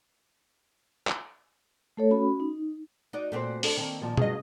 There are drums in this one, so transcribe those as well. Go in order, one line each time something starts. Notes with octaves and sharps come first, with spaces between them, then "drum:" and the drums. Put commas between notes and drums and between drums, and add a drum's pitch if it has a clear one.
drum: clap
A3 A4 C#5
C#4 F#4 B5
D#4
D#4 F#4 D5
A#2 A3 C4 F#4 C5
D4 A4, drum: open hi-hat
D#3 A#3 C4
A#2 F3
G2 F#3 F4 G#4 D#5, drum: tom B2